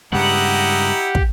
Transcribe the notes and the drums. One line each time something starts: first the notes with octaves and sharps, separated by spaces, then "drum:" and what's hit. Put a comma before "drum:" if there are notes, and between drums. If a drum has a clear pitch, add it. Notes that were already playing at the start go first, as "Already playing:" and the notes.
G2 C#3 G#3 E4 G4 A#4 D#5 F#5
drum: kick